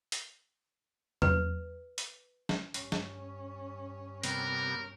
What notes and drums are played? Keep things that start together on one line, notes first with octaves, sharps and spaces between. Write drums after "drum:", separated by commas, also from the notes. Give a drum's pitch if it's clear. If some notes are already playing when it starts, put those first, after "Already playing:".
drum: hi-hat
B4, drum: tom
drum: hi-hat
drum: snare
G2 C#4, drum: hi-hat
drum: snare
C3 G3 B3 A#4, drum: hi-hat